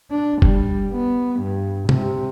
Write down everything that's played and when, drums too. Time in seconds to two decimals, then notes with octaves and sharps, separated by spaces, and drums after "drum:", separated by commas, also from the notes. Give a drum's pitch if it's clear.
0.11 D4
0.42 G3, drum: kick F#1
0.93 B3
1.40 G2
1.89 C3, drum: tom